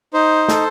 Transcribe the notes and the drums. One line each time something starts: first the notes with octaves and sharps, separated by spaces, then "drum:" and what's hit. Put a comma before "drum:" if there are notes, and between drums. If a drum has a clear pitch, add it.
D#4 C5
A4, drum: snare